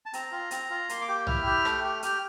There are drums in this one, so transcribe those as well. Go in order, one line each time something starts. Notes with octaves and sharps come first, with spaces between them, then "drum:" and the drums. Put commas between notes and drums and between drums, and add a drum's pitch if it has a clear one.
A5
C4 A#5, drum: hi-hat
F4
C4, drum: hi-hat
F4
A#3 C6, drum: hi-hat
D6
G4
E4 F6, drum: tom
G4
A3, drum: rim click
G4
G4 F6, drum: hi-hat